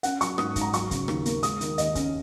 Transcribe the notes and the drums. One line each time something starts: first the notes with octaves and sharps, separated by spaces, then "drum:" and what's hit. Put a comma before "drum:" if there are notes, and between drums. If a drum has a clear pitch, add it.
C#4 F#5, drum: hi-hat
F#3 C#6, drum: hi-hat
G#2 D#6, drum: rim click
G#2, drum: kick, hi-hat
A#5
F#3 C#6, drum: hi-hat
C#3, drum: kick, hi-hat
D#2, drum: rim click
A#3, drum: hi-hat
G#3 D#6, drum: hi-hat
D#3, drum: hi-hat
D#2 D#5, drum: hi-hat
C#4, drum: kick, hi-hat